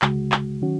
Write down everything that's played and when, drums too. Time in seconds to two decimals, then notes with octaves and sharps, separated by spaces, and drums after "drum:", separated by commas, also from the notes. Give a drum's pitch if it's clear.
0.02 C#2 C#3 G#3 F#4, drum: clap
0.32 drum: clap
0.62 D#3 F#3 C#4 F#4